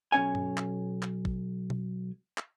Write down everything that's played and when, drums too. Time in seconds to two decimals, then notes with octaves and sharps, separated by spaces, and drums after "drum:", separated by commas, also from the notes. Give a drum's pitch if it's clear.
0.12 B1 E2 C#4 C#5 G#5
0.35 drum: tom G2
0.57 drum: clap
1.03 drum: clap
1.25 drum: kick
1.70 drum: tom B2
2.38 drum: clap